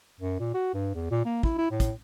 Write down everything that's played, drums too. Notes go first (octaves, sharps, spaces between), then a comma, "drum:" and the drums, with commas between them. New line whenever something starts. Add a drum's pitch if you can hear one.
F#2
A#2
F#4
G2
E2
A#2
A#3
E4, drum: kick
E4
A2
drum: kick, hi-hat